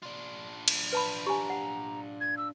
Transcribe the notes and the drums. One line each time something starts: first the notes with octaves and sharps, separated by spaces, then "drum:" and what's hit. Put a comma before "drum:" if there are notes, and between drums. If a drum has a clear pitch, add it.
D4 F4
drum: cymbal
B4 A5 B5
G4 G#5 A#5
F#5
G#6
E6